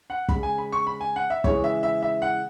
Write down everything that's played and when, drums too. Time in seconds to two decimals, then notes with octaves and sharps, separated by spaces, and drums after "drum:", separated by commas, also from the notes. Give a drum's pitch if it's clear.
0.10 F#5
0.29 C#3 G#3 B5, drum: kick
0.43 G#5
0.58 B5
0.72 C#6
0.87 B5
1.01 G#5
1.16 F#5
1.30 E5
1.44 C#3 E3 G#3 C#5, drum: kick
1.64 E5
1.83 E5
2.02 E5
2.22 F#5